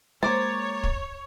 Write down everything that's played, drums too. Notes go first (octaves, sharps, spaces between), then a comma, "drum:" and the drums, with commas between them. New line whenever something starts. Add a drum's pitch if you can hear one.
G#3 A#3 C5 C#5 A#5 D6 A6
drum: kick